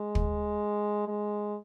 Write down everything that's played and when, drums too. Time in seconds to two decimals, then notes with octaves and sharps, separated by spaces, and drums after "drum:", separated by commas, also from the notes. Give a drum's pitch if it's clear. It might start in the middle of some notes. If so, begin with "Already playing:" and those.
Already playing: G#3
0.15 drum: kick
1.08 G#3